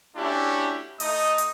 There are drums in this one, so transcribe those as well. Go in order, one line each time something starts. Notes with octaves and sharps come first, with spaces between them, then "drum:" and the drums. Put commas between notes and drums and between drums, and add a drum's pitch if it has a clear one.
A3 C#4 D4 E4 F#4 G4
A3 D#4 D#5 D#6, drum: open hi-hat
drum: hi-hat